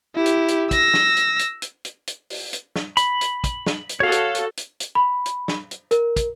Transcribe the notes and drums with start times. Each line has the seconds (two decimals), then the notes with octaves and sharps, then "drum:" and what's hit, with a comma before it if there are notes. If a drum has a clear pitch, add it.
0.16 E4 G4
0.26 drum: hi-hat
0.48 drum: hi-hat
0.71 E6 A#6, drum: kick, hi-hat
0.94 drum: snare
1.16 drum: hi-hat
1.39 drum: hi-hat
1.62 drum: hi-hat
1.85 drum: hi-hat
2.07 drum: hi-hat
2.30 drum: open hi-hat
2.53 drum: hi-hat
2.76 drum: snare
2.97 B5, drum: hi-hat
3.21 drum: hi-hat
3.44 drum: kick, hi-hat
3.66 drum: snare
3.89 drum: hi-hat
4.00 F#4 A4 C#5 F5
4.12 drum: hi-hat
4.35 drum: hi-hat
4.57 drum: hi-hat
4.80 drum: hi-hat
4.95 B5
5.26 drum: hi-hat
5.48 drum: snare
5.71 drum: hi-hat
5.91 A#4, drum: hi-hat
6.16 drum: kick, hi-hat